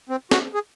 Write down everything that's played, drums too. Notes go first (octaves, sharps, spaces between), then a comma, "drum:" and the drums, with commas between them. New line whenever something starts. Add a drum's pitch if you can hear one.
C4
F#4, drum: snare
G#4